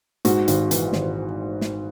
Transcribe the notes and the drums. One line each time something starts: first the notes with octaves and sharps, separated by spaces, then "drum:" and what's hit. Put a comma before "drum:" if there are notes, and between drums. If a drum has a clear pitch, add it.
G#2 F#4, drum: hi-hat
G#1, drum: hi-hat
E3, drum: hi-hat
G#1, drum: snare
drum: snare